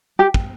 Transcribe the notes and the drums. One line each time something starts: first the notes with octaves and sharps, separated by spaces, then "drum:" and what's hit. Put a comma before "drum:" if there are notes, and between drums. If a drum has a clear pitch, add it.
G4
drum: kick